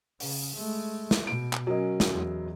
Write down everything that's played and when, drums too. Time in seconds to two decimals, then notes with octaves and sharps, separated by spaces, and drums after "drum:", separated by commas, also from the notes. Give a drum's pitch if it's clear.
0.20 C#3, drum: open hi-hat
0.54 G#3 A3
1.11 drum: snare
1.27 B2 D7
1.53 drum: clap
1.67 F#3 C#4 A#4 D#5
2.00 drum: snare
2.10 E2